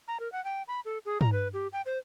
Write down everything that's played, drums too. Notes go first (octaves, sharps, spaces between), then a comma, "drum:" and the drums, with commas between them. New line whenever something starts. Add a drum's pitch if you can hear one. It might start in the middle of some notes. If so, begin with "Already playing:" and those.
A#5
A#4
F#5
G5
B5
A4
G#4
A#5, drum: tom
B4
G4
G5
C5